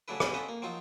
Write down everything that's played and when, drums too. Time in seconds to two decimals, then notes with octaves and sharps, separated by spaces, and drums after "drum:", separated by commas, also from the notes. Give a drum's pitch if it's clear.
0.08 C#3 F#3 A3 D4 E4 B4
0.20 C#3 G3 B3 D5, drum: rim click
0.34 C#4 F4 A4 D#5 E5 F#5
0.49 A#3
0.62 F3 F#3 C4 D#4 F4